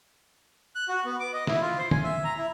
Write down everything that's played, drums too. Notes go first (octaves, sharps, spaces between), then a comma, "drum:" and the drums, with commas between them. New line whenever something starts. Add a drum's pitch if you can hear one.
F#6
F#4
B3
D6
D#5
E4, drum: snare
F4
C5
G#5, drum: tom
E5
A#5
E4